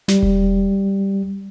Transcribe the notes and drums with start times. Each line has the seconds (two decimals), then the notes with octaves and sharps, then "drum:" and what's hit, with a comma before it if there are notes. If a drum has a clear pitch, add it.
0.08 G3, drum: snare
0.23 drum: kick E1